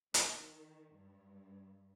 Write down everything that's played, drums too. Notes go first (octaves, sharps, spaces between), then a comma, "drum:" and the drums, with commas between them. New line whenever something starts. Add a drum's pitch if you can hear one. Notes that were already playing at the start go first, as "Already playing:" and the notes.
D#3, drum: hi-hat
G2